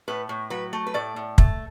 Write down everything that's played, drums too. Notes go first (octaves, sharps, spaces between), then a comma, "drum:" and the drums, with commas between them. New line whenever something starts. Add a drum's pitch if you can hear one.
A2 B4
A2
F#3 B4
A3
B4
A2 D5
A2
A3, drum: kick